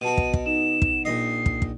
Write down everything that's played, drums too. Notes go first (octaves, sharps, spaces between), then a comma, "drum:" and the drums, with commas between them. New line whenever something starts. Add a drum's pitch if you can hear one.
B2 F#4 B4 A5 D#7
drum: kick
drum: kick
D#4 E7
drum: kick
A#1 D#5 C7
drum: kick
drum: kick